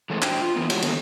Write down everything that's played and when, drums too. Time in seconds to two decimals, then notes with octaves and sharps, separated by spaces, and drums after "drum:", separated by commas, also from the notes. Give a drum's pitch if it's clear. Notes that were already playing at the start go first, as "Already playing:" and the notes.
0.10 E3 G#3 A3 C4 E4 F#4
0.22 D4 F#4 C5 G5, drum: clap
0.41 F4
0.56 E3 A#3 B3
0.70 G#3 E4 F#4 G4 C#5, drum: cymbal
0.82 D3 D#3 A#3 B3, drum: cymbal